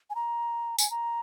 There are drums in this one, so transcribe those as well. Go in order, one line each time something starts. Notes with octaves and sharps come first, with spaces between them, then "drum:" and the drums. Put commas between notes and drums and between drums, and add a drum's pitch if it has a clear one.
G#5
A#5
G#5, drum: tambourine
A#5